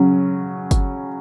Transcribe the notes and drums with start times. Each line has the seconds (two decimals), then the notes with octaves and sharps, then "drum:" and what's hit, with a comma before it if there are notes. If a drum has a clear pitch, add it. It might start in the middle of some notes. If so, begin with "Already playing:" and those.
Already playing: C#3 F#3 C#4
0.71 drum: kick G1, hi-hat